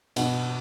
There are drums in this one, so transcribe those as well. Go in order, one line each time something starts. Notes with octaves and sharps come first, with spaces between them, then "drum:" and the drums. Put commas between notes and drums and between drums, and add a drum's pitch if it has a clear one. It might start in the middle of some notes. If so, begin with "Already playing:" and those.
B2, drum: cymbal